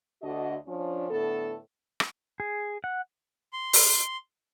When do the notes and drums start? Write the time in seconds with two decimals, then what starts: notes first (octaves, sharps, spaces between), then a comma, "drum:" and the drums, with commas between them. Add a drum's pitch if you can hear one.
0.22 D2 D3 D4 F#4 D#5
0.67 F3 C#4 D4
1.10 A2 D3 B3 A4
2.00 drum: rim click
2.40 G#4
2.84 F#5
3.53 C6
3.73 drum: open hi-hat